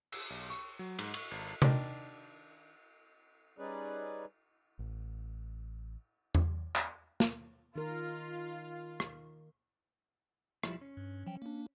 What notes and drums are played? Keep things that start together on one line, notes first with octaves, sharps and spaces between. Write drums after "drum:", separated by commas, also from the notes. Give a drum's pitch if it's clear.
E6, drum: cymbal
B1
C#6, drum: tambourine
F#3
G#2, drum: cymbal
C#6, drum: cymbal
G#1
D#3 D4, drum: tom C3
G3 C#4 D#4 G#4 B4 D5
A1
drum: tom E2
drum: clap
drum: snare
D#3 F4 A#4
drum: rim click
F3 G3 E4, drum: rim click
C#4
G2
F3 F#3 G5
A#3 D4